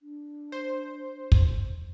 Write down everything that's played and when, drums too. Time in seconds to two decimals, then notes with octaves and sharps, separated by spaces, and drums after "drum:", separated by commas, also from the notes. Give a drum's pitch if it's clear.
0.02 D4
0.52 C5
1.32 drum: kick